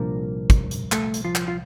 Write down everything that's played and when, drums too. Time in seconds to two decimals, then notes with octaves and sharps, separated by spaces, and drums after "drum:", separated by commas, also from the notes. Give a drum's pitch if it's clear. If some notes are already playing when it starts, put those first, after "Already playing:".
Already playing: C2 A#2 F3 A#3 D4 A#4
0.50 drum: kick, hi-hat
0.71 drum: hi-hat
0.92 A3 A4, drum: clap
1.14 drum: hi-hat
1.25 F3 F4
1.35 drum: clap
1.48 F4